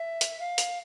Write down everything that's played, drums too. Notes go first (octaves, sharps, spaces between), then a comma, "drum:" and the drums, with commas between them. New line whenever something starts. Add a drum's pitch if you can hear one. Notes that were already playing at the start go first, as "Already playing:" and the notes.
Already playing: E5
drum: hi-hat
F5
drum: hi-hat